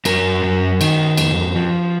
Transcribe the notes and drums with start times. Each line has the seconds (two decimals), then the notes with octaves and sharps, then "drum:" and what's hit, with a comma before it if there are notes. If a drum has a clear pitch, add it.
0.05 F#2 F#4 A#4, drum: cymbal
0.44 F#2
0.81 D#3, drum: cymbal
1.17 F2, drum: cymbal
1.55 F3